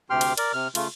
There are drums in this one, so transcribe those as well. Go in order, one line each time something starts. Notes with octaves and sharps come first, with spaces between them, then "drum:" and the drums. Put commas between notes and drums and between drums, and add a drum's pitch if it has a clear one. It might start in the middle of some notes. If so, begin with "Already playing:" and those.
D2 C3 G4 G5 C6 F6
drum: cymbal
A#4 D5, drum: cymbal
C3 F6
C#3 A3 F4, drum: cymbal